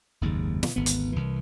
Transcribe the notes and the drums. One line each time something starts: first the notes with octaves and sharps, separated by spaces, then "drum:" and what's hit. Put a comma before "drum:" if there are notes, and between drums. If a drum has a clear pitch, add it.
F#1 D#2 G#2
B2, drum: snare
G#1 D2 B3
drum: hi-hat
C2 E3